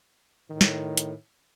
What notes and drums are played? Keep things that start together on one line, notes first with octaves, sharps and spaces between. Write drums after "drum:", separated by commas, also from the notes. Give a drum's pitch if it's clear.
A2 D#3
drum: snare
drum: hi-hat